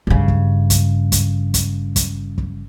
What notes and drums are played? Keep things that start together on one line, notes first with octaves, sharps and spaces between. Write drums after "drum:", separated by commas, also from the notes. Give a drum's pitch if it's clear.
G2 C#3
drum: kick
drum: kick, hi-hat
drum: kick, hi-hat
drum: kick, hi-hat
drum: kick, hi-hat
drum: kick